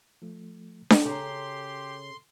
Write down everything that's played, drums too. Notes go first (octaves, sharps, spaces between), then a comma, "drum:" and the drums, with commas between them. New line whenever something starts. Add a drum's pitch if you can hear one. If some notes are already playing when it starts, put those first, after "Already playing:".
F3 A3
drum: snare D4
C#3 G4 A4 A#5 C6